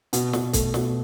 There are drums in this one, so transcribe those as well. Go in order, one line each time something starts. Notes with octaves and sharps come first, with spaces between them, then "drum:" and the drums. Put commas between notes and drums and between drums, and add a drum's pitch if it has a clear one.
B2, drum: hi-hat
B2, drum: snare
A3, drum: kick, hi-hat
B2, drum: snare